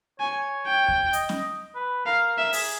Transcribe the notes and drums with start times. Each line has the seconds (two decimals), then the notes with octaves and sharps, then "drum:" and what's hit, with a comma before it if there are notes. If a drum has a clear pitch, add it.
0.19 C#5 G#5
0.67 G5
0.88 drum: kick D#2
1.13 D#5, drum: hi-hat
1.29 drum: snare
1.75 B4
2.06 A#4 F5
2.38 E5
2.53 G#4, drum: open hi-hat